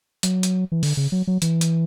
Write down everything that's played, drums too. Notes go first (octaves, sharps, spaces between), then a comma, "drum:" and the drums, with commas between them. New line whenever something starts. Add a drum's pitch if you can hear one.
F#3, drum: hi-hat
drum: hi-hat
E3
D3, drum: open hi-hat
C#3
F#3
F#3
E3, drum: hi-hat
drum: hi-hat